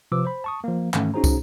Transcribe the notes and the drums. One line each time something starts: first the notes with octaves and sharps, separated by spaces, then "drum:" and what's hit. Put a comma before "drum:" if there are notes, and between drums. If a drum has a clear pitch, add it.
C3 F3 B4 D6 E6
C5 B5
A5 C#6 D#6
F3 A#3
G#2 D#3 E3 A3 C#4, drum: clap
C#4 D#4 F#4 G#4 C5 A#5
drum: kick, tambourine